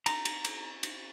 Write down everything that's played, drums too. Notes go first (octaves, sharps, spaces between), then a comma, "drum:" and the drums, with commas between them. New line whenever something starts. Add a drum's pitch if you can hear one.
A#5, drum: cymbal
drum: cymbal
drum: cymbal
drum: cymbal